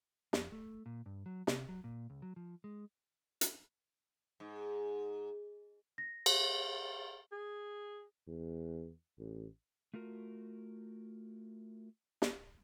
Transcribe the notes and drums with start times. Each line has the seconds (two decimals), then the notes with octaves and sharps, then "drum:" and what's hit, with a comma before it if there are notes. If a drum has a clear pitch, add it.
0.33 F2, drum: snare
0.52 A3
0.86 A#2
1.06 G2
1.26 F#3
1.47 C3, drum: snare
1.69 F#3
1.84 A#2
2.10 C#2
2.22 F#3
2.36 F3
2.64 G#3
3.41 drum: hi-hat
4.40 G#2
5.98 A#6
6.26 drum: cymbal
7.32 G#4
8.28 E2
9.19 A1
9.94 A3 F4 F#4 A#4
12.22 drum: snare